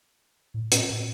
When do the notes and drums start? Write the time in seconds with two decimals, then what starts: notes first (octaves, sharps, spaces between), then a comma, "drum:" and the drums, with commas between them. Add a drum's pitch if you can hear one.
0.54 A2
0.72 A#2, drum: hi-hat
0.90 A2